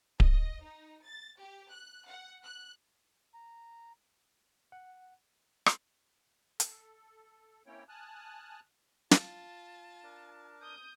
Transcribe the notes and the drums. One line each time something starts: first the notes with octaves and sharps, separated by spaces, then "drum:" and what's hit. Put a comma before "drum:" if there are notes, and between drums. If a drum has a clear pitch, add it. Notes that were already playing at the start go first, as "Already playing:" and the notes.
D#5, drum: kick D1
D#4
A6
G4
F#6
F#5
F#6
A#5
F#5
drum: rim click
A4, drum: hi-hat
A#3 C4 C#4 E4 C#5 G5
G#5 A5 D#6 F6 F#6
F4 A5, drum: snare
D4 A#4
D#6 G6